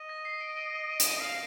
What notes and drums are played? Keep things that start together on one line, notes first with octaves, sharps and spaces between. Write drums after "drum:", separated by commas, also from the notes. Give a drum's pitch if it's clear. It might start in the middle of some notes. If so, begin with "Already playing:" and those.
Already playing: D#5
A#6
C7
D7
D7
drum: hi-hat
F5